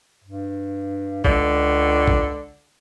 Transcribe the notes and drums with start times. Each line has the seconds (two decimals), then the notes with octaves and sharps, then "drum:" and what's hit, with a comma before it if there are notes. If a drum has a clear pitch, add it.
0.24 G2
1.25 C#2 D3, drum: kick A#1
2.08 drum: kick A#1